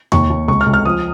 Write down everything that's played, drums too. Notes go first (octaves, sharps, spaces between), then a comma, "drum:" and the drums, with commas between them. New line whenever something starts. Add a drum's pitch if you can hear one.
D#2 C#6, drum: tom E2
D#2
C#2 C#6
F6
C#2
F6
F3 D#6